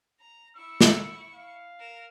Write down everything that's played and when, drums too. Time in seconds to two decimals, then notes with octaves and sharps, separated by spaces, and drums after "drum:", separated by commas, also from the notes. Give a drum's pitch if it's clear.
0.20 A#5
0.56 E4 C#6 E6
0.81 drum: snare
1.34 F5
1.79 A#4 E7